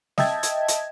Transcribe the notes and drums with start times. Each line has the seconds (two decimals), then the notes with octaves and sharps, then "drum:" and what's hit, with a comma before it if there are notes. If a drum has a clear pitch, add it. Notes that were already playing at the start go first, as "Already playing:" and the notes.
0.18 D#5 E5 G5 A5 G#6, drum: snare
0.43 drum: hi-hat
0.68 drum: hi-hat